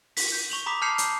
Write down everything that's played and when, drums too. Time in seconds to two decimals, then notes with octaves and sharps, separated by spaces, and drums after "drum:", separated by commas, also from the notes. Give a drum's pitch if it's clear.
0.17 B6, drum: open hi-hat
0.32 G6
0.50 C#6 F7 F#7
0.66 A#5 B5 D6 D#6 B6
0.82 A5 F6 G6 C7 C#7 F7
0.98 drum: hi-hat